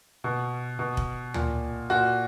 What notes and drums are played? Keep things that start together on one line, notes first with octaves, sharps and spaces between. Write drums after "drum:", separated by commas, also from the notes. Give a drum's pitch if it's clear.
B2
B2
drum: kick F1
A#2, drum: tom D2
A#2 F#4